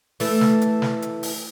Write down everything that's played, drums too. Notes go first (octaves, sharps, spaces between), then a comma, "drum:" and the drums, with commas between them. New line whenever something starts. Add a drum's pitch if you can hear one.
E3 A3, drum: open hi-hat
drum: snare
drum: hi-hat
drum: snare
drum: hi-hat
drum: open hi-hat